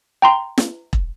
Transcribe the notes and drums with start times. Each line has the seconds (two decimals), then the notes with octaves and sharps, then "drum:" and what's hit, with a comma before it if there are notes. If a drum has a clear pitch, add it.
0.22 G5 A#5 C6
0.58 drum: snare
0.93 drum: kick E1